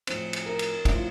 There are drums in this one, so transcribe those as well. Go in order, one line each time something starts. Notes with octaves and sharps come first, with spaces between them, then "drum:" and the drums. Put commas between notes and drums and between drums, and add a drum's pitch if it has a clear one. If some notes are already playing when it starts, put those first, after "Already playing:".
A2 F3 C4 C5, drum: cymbal
drum: cymbal
A#4
drum: cymbal
A2 F3 C4 E4, drum: kick, cymbal
F4